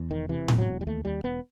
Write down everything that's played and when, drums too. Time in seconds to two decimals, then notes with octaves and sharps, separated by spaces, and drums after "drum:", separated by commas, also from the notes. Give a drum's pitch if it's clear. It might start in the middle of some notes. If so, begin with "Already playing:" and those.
Already playing: E2
0.10 E1 D#3
0.29 C3 E3
0.48 E1, drum: tom A2
0.58 F#3
0.67 E2
0.81 G3
0.87 D#2 A3
1.05 D#2 G3
1.24 E1 B3